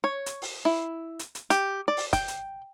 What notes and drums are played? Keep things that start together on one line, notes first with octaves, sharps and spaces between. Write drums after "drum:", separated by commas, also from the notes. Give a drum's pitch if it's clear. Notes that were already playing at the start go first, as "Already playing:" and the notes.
C#5
drum: hi-hat
drum: open hi-hat
E4
drum: hi-hat
drum: hi-hat
G4, drum: hi-hat
D5
drum: open hi-hat
G5, drum: kick, hi-hat
drum: hi-hat